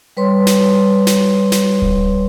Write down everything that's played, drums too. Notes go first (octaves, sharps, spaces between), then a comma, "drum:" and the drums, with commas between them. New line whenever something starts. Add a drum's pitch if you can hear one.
G3 B4 C#5 C6
drum: snare
drum: snare
drum: snare
drum: kick D1